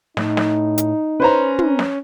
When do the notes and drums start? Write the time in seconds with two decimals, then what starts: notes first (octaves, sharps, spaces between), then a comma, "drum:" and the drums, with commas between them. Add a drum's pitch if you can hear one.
0.17 A2 D#4, drum: snare
0.37 drum: snare
0.78 drum: hi-hat
1.20 C#4 B4 C5 A#5
1.59 drum: tom
1.79 drum: snare